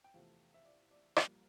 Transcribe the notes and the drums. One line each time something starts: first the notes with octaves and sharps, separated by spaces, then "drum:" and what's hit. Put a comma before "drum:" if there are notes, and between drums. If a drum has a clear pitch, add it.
G5
E2 C3 F3 A3 F5
E5
D5
D5
A#1 A#2 G3 A#3 A#4, drum: rim click